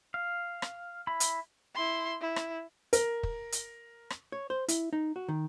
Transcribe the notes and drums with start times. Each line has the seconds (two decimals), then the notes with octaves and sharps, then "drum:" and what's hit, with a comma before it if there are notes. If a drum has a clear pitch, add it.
0.14 F5
0.62 drum: rim click
1.07 E4 B5
1.20 drum: hi-hat
1.74 E4 C6
2.21 E4
2.36 drum: rim click
2.93 A#4, drum: hi-hat
3.23 drum: kick
3.52 drum: hi-hat
4.10 drum: rim click
4.32 C#5
4.50 C5
4.68 E4, drum: hi-hat
4.93 D#4
5.16 F#4
5.28 D#3